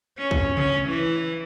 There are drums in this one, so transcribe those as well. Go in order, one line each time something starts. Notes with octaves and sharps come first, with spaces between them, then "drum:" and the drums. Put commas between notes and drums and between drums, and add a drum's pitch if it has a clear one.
C#4
drum: kick
C#4, drum: tom
E3